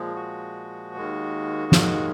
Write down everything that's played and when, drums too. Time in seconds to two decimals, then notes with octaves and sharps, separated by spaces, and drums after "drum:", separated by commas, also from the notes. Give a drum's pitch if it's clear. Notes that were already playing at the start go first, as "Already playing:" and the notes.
Already playing: A#2 F3 G#3
0.16 F#4
0.96 D#2 D#3 G#3
1.72 F4, drum: snare
1.78 F#4